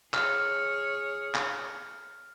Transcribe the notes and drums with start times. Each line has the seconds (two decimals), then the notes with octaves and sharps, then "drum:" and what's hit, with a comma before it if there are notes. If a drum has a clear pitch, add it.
0.14 G#4 C#5 F6, drum: clap
1.35 drum: clap